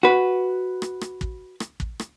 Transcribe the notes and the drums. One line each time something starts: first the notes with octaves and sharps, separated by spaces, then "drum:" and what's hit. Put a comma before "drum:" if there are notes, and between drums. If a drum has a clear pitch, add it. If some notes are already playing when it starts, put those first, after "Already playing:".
F#4 B4
drum: rim click
drum: rim click
drum: kick
drum: rim click
drum: kick
drum: rim click